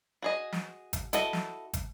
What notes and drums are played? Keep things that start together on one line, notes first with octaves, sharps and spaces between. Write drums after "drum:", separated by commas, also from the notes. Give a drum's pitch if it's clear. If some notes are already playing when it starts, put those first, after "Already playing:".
F#4 G#4 D#5
drum: snare
drum: kick, hi-hat
E4 F#4 A4 D#5, drum: hi-hat
drum: snare
drum: kick, hi-hat